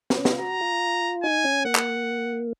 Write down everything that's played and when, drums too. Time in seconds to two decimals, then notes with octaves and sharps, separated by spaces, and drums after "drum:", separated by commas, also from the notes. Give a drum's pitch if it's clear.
0.10 C4, drum: snare
0.18 C#4
0.25 D#4, drum: snare
0.32 F4
0.39 F#4 A#5
0.61 F4
1.23 D#4 G#5
1.44 C#4
1.65 A#3 F#5
1.75 drum: clap